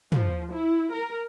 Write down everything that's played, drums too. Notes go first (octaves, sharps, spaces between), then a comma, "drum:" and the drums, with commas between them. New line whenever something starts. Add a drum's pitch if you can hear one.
F3, drum: tom
E4
A#4